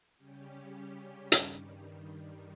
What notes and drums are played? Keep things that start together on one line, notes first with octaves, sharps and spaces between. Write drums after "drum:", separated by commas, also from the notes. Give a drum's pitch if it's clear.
C#3 G3 C#4 G4
G2 D#3 G3, drum: hi-hat